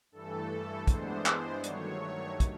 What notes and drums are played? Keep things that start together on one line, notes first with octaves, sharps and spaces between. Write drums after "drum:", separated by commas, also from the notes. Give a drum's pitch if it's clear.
G2 E3 A3 A4
G2 E3 G#3 B3 D4 C5, drum: kick, hi-hat
drum: clap
G2 D#3 F#3 A3 C#5, drum: hi-hat
drum: kick, hi-hat